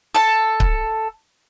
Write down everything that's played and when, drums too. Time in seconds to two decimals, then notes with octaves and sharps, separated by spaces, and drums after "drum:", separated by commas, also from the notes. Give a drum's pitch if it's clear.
0.14 A4 A5
0.60 drum: kick C#1